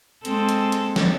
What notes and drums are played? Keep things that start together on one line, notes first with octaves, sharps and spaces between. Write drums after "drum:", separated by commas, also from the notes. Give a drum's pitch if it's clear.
G#3 C4 A4, drum: hi-hat
drum: hi-hat
drum: hi-hat
drum: snare